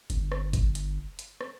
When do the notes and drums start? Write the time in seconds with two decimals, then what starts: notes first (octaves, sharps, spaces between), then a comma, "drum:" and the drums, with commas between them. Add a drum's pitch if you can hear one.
0.10 G1, drum: hi-hat
0.32 drum: rim click
0.53 drum: kick G#1, hi-hat
0.75 drum: hi-hat
1.19 drum: hi-hat
1.41 drum: rim click